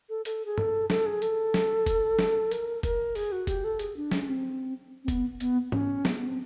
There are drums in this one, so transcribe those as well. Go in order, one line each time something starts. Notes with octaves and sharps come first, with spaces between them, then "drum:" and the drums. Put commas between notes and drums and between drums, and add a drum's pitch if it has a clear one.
A4
A4, drum: hi-hat
G#4
A4, drum: tom G2
A4, drum: snare
G#4
A4, drum: hi-hat
drum: snare
drum: kick F1, hi-hat
drum: snare
A#4, drum: hi-hat
A#4, drum: kick F1, hi-hat
G#4, drum: open hi-hat
F#4
G4, drum: kick F1, hi-hat
A4
G#4, drum: hi-hat
D4
C#4, drum: snare
C4
C4
B3, drum: kick F1, hi-hat
B3, drum: hi-hat
C#4, drum: tom G#2
B3, drum: snare
B3
C4